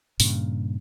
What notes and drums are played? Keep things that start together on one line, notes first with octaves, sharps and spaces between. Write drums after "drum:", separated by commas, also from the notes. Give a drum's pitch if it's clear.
G2 A#2 C#3, drum: open hi-hat